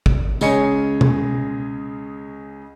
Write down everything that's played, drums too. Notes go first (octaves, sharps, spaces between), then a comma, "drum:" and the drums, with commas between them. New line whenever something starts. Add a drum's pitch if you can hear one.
drum: kick G#1
C#2 C#3 C#5 D#5 G#5 C#7, drum: tambourine
drum: tom B2